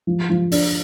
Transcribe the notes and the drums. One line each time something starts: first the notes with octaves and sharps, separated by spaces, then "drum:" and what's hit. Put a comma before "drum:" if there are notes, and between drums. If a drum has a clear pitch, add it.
F3
F3
D4, drum: open hi-hat